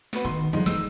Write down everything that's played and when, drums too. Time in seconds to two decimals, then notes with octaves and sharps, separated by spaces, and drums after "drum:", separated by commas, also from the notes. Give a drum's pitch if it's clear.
0.13 B3 F#4 B4, drum: snare
0.25 D#3 C6
0.53 F3 G3 G#3 D#4
0.66 E3 E6, drum: snare